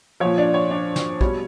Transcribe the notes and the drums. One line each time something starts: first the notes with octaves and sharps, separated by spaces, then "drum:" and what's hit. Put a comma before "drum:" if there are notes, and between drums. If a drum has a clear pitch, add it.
A#2 F3 C#5
D4 D5
C#5
D4 D5
drum: snare
B2 G3 C#5, drum: kick